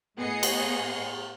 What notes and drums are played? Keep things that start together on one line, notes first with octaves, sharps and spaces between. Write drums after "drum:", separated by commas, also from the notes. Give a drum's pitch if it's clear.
A2 B3 G#4 D#5 C7 C#7
drum: cymbal